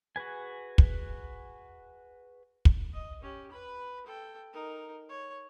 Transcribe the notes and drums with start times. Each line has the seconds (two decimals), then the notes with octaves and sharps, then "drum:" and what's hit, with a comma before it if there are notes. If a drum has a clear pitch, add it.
0.16 F#4 G#4 B4 G#5
0.78 drum: kick
2.65 drum: kick
2.93 D#5
3.22 C#4 G4
3.51 B4 B5
4.06 A4 G5
4.53 D#4 A#4
5.09 C#5